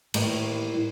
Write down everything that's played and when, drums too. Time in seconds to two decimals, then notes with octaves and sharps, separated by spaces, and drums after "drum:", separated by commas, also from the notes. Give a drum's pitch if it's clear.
0.14 A2 D#3 E3 G3 A#3, drum: cymbal